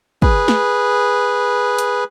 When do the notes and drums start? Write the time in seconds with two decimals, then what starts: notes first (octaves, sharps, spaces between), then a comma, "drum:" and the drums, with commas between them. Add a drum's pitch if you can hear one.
0.22 G#4 B4, drum: kick
0.48 drum: snare
1.79 drum: hi-hat